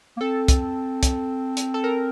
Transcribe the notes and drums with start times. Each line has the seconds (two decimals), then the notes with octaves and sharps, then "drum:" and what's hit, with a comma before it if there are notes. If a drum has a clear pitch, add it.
0.17 A#3
0.21 C4 A4
0.48 drum: kick, hi-hat
1.03 drum: kick, hi-hat
1.57 drum: hi-hat
1.74 A4
1.84 A#4